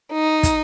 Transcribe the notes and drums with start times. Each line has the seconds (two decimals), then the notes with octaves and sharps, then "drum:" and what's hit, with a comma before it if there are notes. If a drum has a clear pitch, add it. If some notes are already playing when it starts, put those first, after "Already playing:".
0.13 D#4
0.43 drum: kick, hi-hat